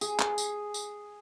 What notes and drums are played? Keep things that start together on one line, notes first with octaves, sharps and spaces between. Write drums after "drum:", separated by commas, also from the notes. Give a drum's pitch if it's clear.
G#4, drum: tambourine
drum: clap
drum: tambourine
drum: tambourine